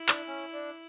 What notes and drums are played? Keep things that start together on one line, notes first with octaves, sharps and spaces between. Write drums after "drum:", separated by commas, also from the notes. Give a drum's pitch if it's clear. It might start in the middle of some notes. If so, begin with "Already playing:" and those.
Already playing: E4
D4, drum: clap
C#4
D4